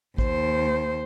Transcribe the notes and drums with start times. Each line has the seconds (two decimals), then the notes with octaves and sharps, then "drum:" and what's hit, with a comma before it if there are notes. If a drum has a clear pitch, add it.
0.18 D#2 C5, drum: kick A1